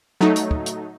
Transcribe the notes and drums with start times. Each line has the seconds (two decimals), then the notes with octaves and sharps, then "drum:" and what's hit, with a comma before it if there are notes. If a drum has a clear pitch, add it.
0.21 F#3 A3 D#4
0.36 drum: hi-hat
0.51 drum: kick
0.66 drum: hi-hat